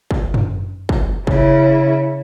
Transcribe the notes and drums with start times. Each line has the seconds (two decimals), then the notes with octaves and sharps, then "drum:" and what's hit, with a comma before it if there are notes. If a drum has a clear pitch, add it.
0.11 drum: kick
0.34 drum: tom F#2
0.89 drum: kick
1.27 C#3 E4, drum: kick